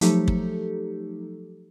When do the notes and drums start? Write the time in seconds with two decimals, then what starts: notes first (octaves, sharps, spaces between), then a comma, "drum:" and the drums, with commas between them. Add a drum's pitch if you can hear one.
0.01 F3 F#3 A3 D#4 G4 A4, drum: hi-hat
0.28 drum: kick